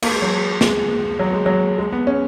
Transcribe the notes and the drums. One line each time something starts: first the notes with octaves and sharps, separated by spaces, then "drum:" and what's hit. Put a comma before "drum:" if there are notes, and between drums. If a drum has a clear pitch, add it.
A#3, drum: cymbal
G#3
F#3
G#3, drum: snare
F#3
G#3
F#3
G#3
B3
C#4